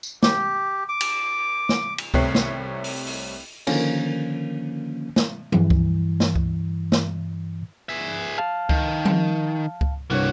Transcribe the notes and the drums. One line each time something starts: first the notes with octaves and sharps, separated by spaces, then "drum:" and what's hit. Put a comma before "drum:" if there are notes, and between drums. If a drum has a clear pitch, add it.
drum: tambourine
G4, drum: snare
D6
drum: cymbal
drum: snare
drum: cymbal
C2 C3 A3 C#5 F#6 C7, drum: kick C#2
drum: snare
drum: open hi-hat
drum: open hi-hat
D3 D#3 F3 A#3 C#4, drum: cymbal
drum: snare
G2 E3, drum: tom F3
drum: kick C#2
drum: snare
drum: kick C#2
drum: snare
G#4 E5
F5 A5 F6
D#3, drum: kick C#2
drum: tom F3
drum: kick C#2
C2 G2 A#3 F#4 C#5